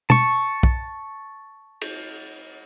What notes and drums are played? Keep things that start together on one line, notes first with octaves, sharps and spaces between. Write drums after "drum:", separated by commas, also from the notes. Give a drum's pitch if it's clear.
A5 C#6, drum: tom
drum: kick
drum: cymbal